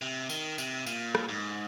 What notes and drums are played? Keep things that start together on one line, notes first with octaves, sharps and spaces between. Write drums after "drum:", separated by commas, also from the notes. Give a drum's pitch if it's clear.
C3
D#3, drum: tambourine
C3, drum: tambourine
A#2, drum: tambourine
drum: rim click
G#2